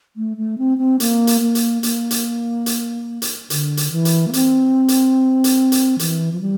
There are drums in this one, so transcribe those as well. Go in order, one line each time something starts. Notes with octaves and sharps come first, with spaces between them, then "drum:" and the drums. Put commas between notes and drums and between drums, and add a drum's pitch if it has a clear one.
A3
A3
C4
C4
A#3, drum: hi-hat
drum: hi-hat
A#3
drum: hi-hat
A#3, drum: hi-hat
drum: hi-hat
drum: hi-hat
drum: hi-hat
D3, drum: hi-hat
drum: hi-hat
E3
drum: hi-hat
A#3
C4, drum: hi-hat
drum: hi-hat
drum: hi-hat
drum: hi-hat
E3, drum: hi-hat
F3
G3